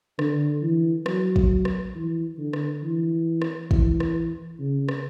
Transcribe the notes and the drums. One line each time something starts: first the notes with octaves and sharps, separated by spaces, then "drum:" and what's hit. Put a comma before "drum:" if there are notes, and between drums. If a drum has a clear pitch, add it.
D3, drum: rim click
E3
F#3, drum: rim click
drum: kick
drum: rim click
E3
D3
drum: rim click
E3
drum: rim click
E3, drum: kick
drum: rim click
C#3
drum: rim click